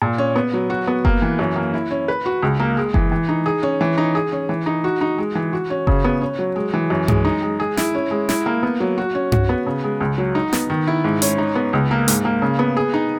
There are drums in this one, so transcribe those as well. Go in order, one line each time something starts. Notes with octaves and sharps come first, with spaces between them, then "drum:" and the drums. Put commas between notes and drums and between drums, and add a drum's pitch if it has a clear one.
A#2
C#4
B3
F#3
F#4
B3
A#3, drum: kick F#1
E3
F#2
A#3
E4
C#4
B4
F#4
C#2
A#3
G#3
E3, drum: kick F#1
E3
D#4
G#4
C#4
E3
D#4
G#4
C#4
E3
D#4
F#4
D#4
G#3
E3
F#4
C#4
C#3, drum: kick F#1
B3
C#4
F#3
G#3
E3
F#2
G#3, drum: tom G2
D#4
G#3
G#4
E4, drum: snare
C#4
G#3
E4, drum: snare
A#3
B3
F#3
F#4
C#4
F#4, drum: tom G2
B3
C#3
G#3
C#2
F#3
D#4
B3, drum: snare
D#3
E4
G#2
C#4, drum: hi-hat
D#4
B3
C#2
A#3
G#2, drum: hi-hat
A#3
C#3
B3
G#4
D#4